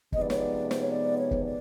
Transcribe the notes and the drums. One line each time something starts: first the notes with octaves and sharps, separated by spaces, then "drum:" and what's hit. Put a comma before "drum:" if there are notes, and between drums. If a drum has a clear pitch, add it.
C3 F3 G#3 B3 D#4 D#5, drum: kick
D5
C#5, drum: snare
D5
C5, drum: snare
C#5
D5
C#5
drum: kick
D5